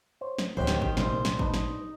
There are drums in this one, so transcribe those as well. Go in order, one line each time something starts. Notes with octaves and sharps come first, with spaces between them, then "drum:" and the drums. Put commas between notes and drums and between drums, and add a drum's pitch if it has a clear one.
C5 C#5
drum: snare
A1 D2 D#3 B3 G4 C5 C#5 F#5
drum: snare
drum: kick G#1
C2 A#2 C5, drum: snare
drum: snare
D4 D#4 B4, drum: kick G#1
drum: snare